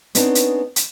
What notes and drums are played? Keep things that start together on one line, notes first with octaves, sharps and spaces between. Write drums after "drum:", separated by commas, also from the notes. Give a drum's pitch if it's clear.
B3 C4 D4 D#4 G#4 C#5, drum: hi-hat
drum: hi-hat
drum: hi-hat